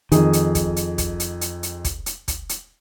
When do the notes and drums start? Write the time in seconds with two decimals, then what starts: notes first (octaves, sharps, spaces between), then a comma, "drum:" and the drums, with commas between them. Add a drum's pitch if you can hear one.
0.12 F2 D#3 D#4 G#4, drum: hi-hat
0.33 drum: hi-hat
0.55 drum: kick, hi-hat
0.76 drum: hi-hat
0.98 drum: kick, hi-hat
1.20 drum: hi-hat
1.41 drum: hi-hat
1.63 drum: hi-hat
1.85 drum: kick, hi-hat
2.06 drum: hi-hat
2.28 drum: kick, hi-hat
2.49 drum: hi-hat